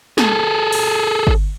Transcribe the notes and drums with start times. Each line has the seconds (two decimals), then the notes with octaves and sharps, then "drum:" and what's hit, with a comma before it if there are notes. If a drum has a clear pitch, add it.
0.18 G#4 A4, drum: snare
0.73 drum: cymbal
1.27 drum: kick G1